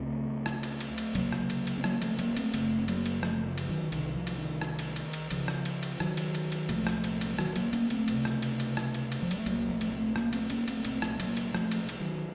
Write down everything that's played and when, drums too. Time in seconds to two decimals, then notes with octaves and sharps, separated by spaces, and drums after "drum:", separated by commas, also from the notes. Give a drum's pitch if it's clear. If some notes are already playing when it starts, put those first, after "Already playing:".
Already playing: C#2 C#3 A3 C4
0.46 drum: rim click
0.63 drum: cymbal
0.81 drum: cymbal
0.98 drum: cymbal
1.15 C#2 C3 F#3 A#3, drum: cymbal
1.32 drum: rim click
1.50 drum: cymbal
1.67 drum: cymbal
1.78 C4
1.84 F#3 A#3, drum: rim click
2.02 F3 A3, drum: cymbal
2.19 F#3 A#3, drum: cymbal
2.37 A3 C4, drum: cymbal
2.54 F#1 F#2 C#3 A3 C4, drum: cymbal
2.78 C4
2.88 F#3 A#3, drum: cymbal
3.06 drum: cymbal
3.23 F3 A3, drum: rim click
3.46 F3
3.58 drum: cymbal
3.69 D#3 F#3
3.92 C2 C3 D#3, drum: cymbal
4.16 F3
4.27 drum: cymbal
4.38 D#3
4.61 drum: rim click
4.79 drum: cymbal
4.96 drum: cymbal
5.13 drum: cymbal
5.31 C#2 C#3 F3, drum: cymbal
5.48 drum: rim click
5.65 drum: cymbal
5.83 drum: cymbal
6.00 D#3 F#3, drum: rim click
6.17 drum: cymbal
6.35 drum: cymbal
6.52 drum: cymbal
6.69 C2 A#2 F3 A3, drum: cymbal
6.87 drum: rim click
7.04 drum: cymbal
7.21 drum: cymbal
7.34 A3
7.39 D#3 F#3, drum: rim click
7.56 F#3 A#3, drum: cymbal
7.73 A#3 C#4, drum: cymbal
7.90 A3 C4, drum: cymbal
8.08 C#2 C3, drum: cymbal
8.25 drum: rim click
8.42 drum: cymbal
8.60 drum: cymbal
8.77 drum: rim click
8.94 drum: cymbal
9.12 drum: cymbal
9.22 F3
9.31 F#3, drum: cymbal
9.39 A3
9.46 C2 A#2 F#3 A#3, drum: cymbal
9.70 F3 A3
9.81 drum: cymbal
9.92 A3 C4
10.16 A#3 C#4, drum: rim click
10.33 A3 C4, drum: cymbal
10.50 A#3 C#4, drum: cymbal
10.68 A3 C4, drum: cymbal
10.85 C2 A#2 A3 C4, drum: cymbal
11.02 drum: rim click
11.15 A3
11.20 F#3 A#3, drum: cymbal
11.37 drum: cymbal
11.54 F3 A3, drum: rim click
11.71 drum: cymbal
11.89 drum: cymbal
12.00 D#3 F#3